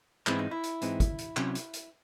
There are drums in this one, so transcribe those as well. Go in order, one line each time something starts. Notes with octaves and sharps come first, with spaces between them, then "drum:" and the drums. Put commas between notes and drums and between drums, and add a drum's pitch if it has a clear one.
G#2 E3 C4 D#4 E4, drum: clap
D#4
E4
drum: hi-hat
G#2 E3 C4 D#4, drum: hi-hat
drum: kick, hi-hat
drum: hi-hat
C3 F#3 C#4, drum: clap
drum: hi-hat
drum: hi-hat